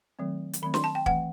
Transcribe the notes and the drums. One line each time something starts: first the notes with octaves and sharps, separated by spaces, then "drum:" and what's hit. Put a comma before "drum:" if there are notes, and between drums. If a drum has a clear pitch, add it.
D#3 F#3 A3 C4
drum: hi-hat
D#3 F#3 A3 C4 B5
C6, drum: snare
A5
G5
E3 A3 C4 F#5, drum: kick